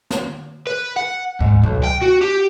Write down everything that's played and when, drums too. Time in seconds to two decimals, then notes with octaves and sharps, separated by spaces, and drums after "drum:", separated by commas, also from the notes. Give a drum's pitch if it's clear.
0.11 drum: snare
0.67 B4
0.96 F#5
1.41 G#2, drum: kick C#2
1.64 B1, drum: kick C#2
1.84 G5
2.02 F#4
2.21 G4